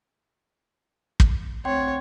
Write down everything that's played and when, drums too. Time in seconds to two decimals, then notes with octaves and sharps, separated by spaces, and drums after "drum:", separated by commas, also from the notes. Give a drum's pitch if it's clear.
1.20 drum: kick
1.65 D2 C4 C#5 F#5 G5 C6